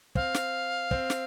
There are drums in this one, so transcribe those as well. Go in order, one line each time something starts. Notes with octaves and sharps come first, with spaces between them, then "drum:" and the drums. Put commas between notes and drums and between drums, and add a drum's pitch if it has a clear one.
C4 F5, drum: kick
drum: snare
C4, drum: kick
drum: snare